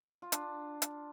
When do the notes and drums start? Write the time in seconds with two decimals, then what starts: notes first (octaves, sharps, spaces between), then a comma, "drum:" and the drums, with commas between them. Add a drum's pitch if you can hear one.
0.22 F4
0.32 D4, drum: hi-hat
0.82 drum: hi-hat